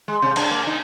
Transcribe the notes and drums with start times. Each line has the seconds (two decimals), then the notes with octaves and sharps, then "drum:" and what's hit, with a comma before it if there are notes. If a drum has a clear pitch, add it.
0.08 G#3
0.22 C3
0.36 G2, drum: cymbal
0.51 A#3
0.67 D#4